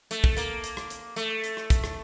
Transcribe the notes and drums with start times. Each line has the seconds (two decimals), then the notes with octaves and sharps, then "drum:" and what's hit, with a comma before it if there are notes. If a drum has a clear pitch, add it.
0.11 A3, drum: hi-hat
0.24 drum: kick
0.37 A#3, drum: hi-hat
0.64 drum: hi-hat
0.77 drum: rim click
0.90 drum: hi-hat
1.16 A3, drum: hi-hat
1.44 drum: hi-hat
1.57 drum: rim click
1.70 drum: kick, hi-hat
1.84 drum: rim click